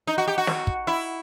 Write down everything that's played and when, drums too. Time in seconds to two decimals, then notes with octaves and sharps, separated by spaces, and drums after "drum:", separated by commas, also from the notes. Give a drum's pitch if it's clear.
0.07 D#4
0.18 F#4
0.28 G4
0.38 F#4
0.47 drum: snare
0.67 drum: kick
0.87 E4